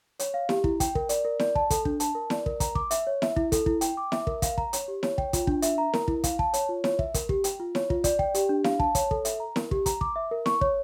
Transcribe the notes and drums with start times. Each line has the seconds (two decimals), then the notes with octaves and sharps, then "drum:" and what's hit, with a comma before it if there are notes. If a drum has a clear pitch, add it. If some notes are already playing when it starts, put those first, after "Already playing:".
0.19 C#5, drum: hi-hat
0.34 F5
0.49 G4, drum: snare E4
0.64 E4, drum: kick
0.80 G5, drum: kick, hi-hat
0.95 A#4, drum: kick
1.09 D5, drum: hi-hat
1.25 A#4
1.39 D5, drum: snare E4
1.55 A5, drum: kick
1.70 A4, drum: kick, hi-hat
1.85 D4, drum: kick
2.00 A5, drum: hi-hat
2.15 A#4
2.30 D5, drum: snare E4
2.46 A#4, drum: kick
2.60 A#5, drum: kick, hi-hat
2.75 D6, drum: kick
2.91 E5, drum: hi-hat
3.07 C#5
3.22 E5, drum: snare E4
3.36 E4, drum: kick
3.52 A4, drum: kick, hi-hat
3.66 E4, drum: kick
3.81 G5, drum: hi-hat
3.97 D6
4.12 E5, drum: snare E4
4.27 A#4, drum: kick
4.42 F5, drum: kick, hi-hat
4.58 A#5, drum: kick
4.73 C#5, drum: hi-hat
4.88 G4
5.03 C#5, drum: snare E4
5.18 G5, drum: kick
5.33 F4, drum: kick, hi-hat
5.47 D4, drum: kick
5.62 E5, drum: hi-hat
5.78 A#5
5.93 A#4, drum: snare E4
6.08 E4, drum: kick
6.24 F5, drum: kick, hi-hat
6.39 A5, drum: kick
6.54 C#5, drum: hi-hat
6.69 F4
6.84 C#5, drum: snare E4
6.99 E5, drum: kick
7.14 A#4, drum: kick, hi-hat
7.29 G4, drum: kick
7.44 G5, drum: hi-hat
7.60 F4
7.75 C#5, drum: snare E4
7.90 F4, drum: kick
8.04 D5, drum: kick, hi-hat
8.19 G5, drum: kick
8.35 G4, drum: hi-hat
8.49 D4
8.64 F5, drum: snare E4
8.79 A5, drum: kick
8.95 C#5, drum: kick, hi-hat
9.11 A4, drum: kick
9.25 E5, drum: hi-hat
9.40 A#5
9.56 A#4, drum: snare E4
9.71 G4, drum: kick
9.86 A#5, drum: kick, hi-hat
10.01 D6, drum: kick
10.16 E5
10.31 A#4
10.46 C#6, drum: snare E4
10.61 C#5, drum: kick